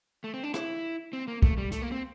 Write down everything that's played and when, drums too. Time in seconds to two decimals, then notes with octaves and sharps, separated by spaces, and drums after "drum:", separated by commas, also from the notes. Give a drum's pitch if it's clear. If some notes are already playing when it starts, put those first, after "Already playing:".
0.24 A3
0.34 C4
0.44 D4
0.54 E4, drum: rim click
1.13 C4
1.28 A#3
1.42 A3, drum: kick
1.58 G3
1.72 A3, drum: hi-hat
1.82 A#3
1.92 C4